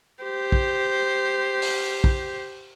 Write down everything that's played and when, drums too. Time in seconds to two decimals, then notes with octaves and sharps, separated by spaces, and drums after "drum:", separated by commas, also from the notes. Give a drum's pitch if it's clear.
0.24 G4 C5
0.52 drum: kick
1.62 drum: open hi-hat
2.04 drum: kick